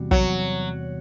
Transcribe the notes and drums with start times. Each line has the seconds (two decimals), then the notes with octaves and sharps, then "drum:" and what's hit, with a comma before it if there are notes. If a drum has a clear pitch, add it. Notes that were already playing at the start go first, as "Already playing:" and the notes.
Already playing: E2 C3 G3 C4 F#4
0.11 F#3, drum: kick